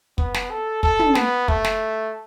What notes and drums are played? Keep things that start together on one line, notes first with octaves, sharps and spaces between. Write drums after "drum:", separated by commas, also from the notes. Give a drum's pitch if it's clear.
B3, drum: kick
drum: snare
A4
A4, drum: kick
drum: tom
B3, drum: snare
A3, drum: kick
drum: snare